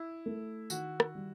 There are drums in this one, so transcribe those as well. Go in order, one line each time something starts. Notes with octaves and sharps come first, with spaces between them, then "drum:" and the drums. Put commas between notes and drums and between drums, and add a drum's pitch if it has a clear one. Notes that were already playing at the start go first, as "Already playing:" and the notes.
Already playing: E4
A3
D#3 F#4, drum: tambourine
drum: rim click
G3